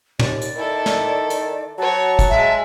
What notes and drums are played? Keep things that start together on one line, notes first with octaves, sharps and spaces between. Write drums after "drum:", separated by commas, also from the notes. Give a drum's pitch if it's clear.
D#2 D5, drum: tom
drum: hi-hat
D#3 E4 A4
drum: snare
drum: hi-hat
F#3 F#4 C#5 A5
drum: kick, hi-hat
G#3 G#4 E5